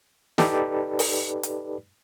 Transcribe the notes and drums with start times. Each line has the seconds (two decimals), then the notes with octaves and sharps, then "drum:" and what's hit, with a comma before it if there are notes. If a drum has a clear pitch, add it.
0.38 D#4 G4 A4 B4 D5, drum: snare
0.99 drum: open hi-hat
1.43 drum: hi-hat